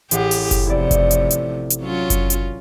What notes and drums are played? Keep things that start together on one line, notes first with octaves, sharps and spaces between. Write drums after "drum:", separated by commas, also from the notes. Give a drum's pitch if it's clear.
A1 G4 G#4 F#5, drum: hi-hat
drum: open hi-hat
drum: kick F#1, hi-hat
A2 C3 F3 E4 D5
drum: kick F#1, hi-hat
drum: hi-hat
drum: hi-hat
drum: hi-hat
F#3 C#4 F4
drum: kick F#1, hi-hat
drum: hi-hat